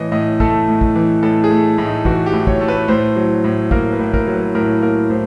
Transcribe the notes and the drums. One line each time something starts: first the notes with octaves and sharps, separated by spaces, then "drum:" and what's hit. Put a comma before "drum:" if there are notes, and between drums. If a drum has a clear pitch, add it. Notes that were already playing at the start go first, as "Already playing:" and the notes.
Already playing: A2 E3 C#5 D#5
A2 D#5
A3 A4, drum: kick
A2
drum: kick
E3
A2 A4
G#4
A3
A2
D#4
E3 F#4, drum: kick
G4
A2
C#5, drum: kick
A3
B4
A2 C5
F#3
A2
A#3 A#4, drum: kick
B4
A2
A#4, drum: kick
F#3
B4
A2 A#4
A#3 A#4
A2 C5